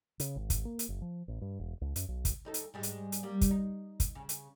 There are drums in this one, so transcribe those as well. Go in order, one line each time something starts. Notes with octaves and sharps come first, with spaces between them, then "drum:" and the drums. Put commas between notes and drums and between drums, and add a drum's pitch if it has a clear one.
C#3, drum: hi-hat
G#1
drum: kick, hi-hat
A#3
drum: hi-hat
F#1
F3
A1
G2
E1
C#2
F#2, drum: hi-hat
B1
drum: kick, hi-hat
D2 D#4 A4
drum: hi-hat
G#2 G3 G#3
drum: hi-hat
drum: hi-hat
G3 A#3
drum: kick, hi-hat
D#4
drum: kick, hi-hat
C#3
drum: hi-hat